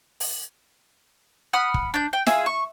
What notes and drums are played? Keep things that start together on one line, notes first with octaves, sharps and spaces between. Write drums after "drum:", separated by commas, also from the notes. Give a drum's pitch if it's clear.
drum: open hi-hat
F#5 B5 D#6 F6
drum: kick
D4 G6
G5
F4 G#4 E5, drum: snare
C#6